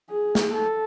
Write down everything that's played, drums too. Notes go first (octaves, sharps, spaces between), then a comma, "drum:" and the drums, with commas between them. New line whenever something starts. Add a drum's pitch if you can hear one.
G#4
drum: snare
A4